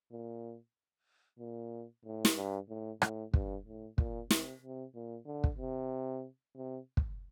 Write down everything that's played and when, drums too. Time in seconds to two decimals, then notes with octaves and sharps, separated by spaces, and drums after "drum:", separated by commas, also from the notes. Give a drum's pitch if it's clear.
0.12 A#2
1.39 A#2
2.05 A2
2.25 drum: snare
2.36 G2
2.69 A2
3.02 A2, drum: rim click
3.34 G2, drum: kick
3.66 A2
3.98 A#2, drum: kick
4.31 C3, drum: snare
4.62 C3
4.95 A#2
5.26 D3
5.44 drum: kick
5.58 C3
6.56 C3
6.97 drum: kick